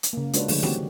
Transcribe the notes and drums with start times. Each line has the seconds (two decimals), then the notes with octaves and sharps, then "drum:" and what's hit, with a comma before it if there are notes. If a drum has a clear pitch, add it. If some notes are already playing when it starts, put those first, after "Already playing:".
0.03 drum: hi-hat
0.13 C#3 A#3
0.33 G#3 D4 F4 F#4 B4 C#5, drum: hi-hat
0.48 D3 F3 G3 A3 G4 G#4, drum: open hi-hat
0.63 D#3 A3 C4 F#4 G4 C#5, drum: snare A#3